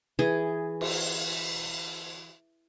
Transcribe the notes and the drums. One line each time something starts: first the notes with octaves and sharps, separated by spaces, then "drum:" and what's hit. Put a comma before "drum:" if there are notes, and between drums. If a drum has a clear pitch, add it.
E3 G#4
drum: cymbal